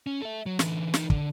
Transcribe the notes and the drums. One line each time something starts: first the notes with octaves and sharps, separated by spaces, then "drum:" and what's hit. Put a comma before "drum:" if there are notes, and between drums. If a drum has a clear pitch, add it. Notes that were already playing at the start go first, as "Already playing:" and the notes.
C#4
A4 E5
F#3
D3 E3, drum: snare
E3 D#4, drum: snare
D3, drum: kick